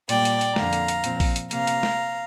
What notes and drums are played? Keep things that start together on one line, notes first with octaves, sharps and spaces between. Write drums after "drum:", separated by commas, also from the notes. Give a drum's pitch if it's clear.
A#2 G3 A#3 D5 G5, drum: hi-hat
drum: hi-hat
drum: hi-hat
F2 D3 A#3 F5 A#5, drum: snare
drum: hi-hat
drum: hi-hat
A#2 F3 C4, drum: hi-hat
drum: kick, open hi-hat
drum: hi-hat
C3 A#3 F5 A#5, drum: hi-hat
drum: hi-hat
drum: snare